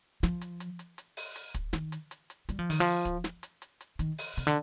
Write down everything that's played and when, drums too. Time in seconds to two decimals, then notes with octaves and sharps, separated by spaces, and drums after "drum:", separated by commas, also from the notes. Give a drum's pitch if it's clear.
0.23 F3, drum: snare
0.41 drum: hi-hat
0.60 drum: hi-hat
0.79 drum: hi-hat
0.98 drum: hi-hat
1.17 drum: open hi-hat
1.36 drum: hi-hat
1.54 drum: kick, hi-hat
1.73 D#3, drum: snare
1.92 drum: hi-hat
2.11 drum: hi-hat
2.30 drum: hi-hat
2.49 G3, drum: hi-hat
2.59 F3
2.70 D#3, drum: open hi-hat
2.80 F3
3.05 drum: kick, hi-hat
3.24 drum: snare
3.43 drum: hi-hat
3.62 drum: hi-hat
3.81 drum: hi-hat
3.99 D#3, drum: hi-hat
4.18 drum: open hi-hat
4.37 C3, drum: hi-hat
4.47 D3